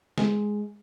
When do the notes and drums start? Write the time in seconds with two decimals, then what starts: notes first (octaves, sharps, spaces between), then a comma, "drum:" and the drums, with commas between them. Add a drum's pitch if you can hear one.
0.18 G#3, drum: snare